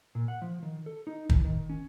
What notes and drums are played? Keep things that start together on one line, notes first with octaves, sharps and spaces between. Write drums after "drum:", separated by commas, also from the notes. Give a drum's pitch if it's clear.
A#2
F#5
F3
D#3
A4
D#4
E3, drum: kick
D#3
C#4